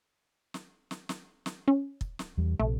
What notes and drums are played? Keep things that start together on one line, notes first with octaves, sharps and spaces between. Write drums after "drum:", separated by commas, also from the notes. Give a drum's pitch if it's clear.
drum: snare
drum: snare
drum: snare
drum: snare
C#4
drum: kick
drum: snare
E2 G3
A#1 C3 A3